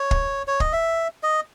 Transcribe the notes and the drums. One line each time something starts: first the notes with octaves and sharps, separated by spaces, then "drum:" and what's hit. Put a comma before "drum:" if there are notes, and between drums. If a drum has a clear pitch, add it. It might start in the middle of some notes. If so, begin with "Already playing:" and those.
Already playing: C#5
drum: kick
C#5
D#5, drum: kick
E5
D#5